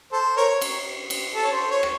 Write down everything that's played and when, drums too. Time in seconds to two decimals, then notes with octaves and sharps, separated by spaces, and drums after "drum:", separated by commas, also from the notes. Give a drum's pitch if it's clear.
0.13 A4 C5
0.37 A#4 C#5
0.61 drum: cymbal
1.10 drum: cymbal
1.34 A4
1.44 C#5
1.53 C5
1.71 C#5
1.83 drum: rim click